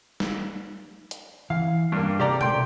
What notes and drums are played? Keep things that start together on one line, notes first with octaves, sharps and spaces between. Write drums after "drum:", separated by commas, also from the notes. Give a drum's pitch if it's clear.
drum: snare
drum: hi-hat
E3 F5
G2 A#3 D4 G4
C3 G4 A4 D5 A#5
G5 C6, drum: tom B2